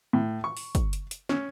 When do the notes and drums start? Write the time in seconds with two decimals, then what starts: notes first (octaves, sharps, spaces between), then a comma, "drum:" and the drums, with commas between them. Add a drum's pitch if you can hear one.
0.13 A2
0.44 C#6
0.57 drum: open hi-hat
0.75 drum: kick, hi-hat
0.93 drum: hi-hat
1.11 drum: hi-hat
1.29 C#4, drum: snare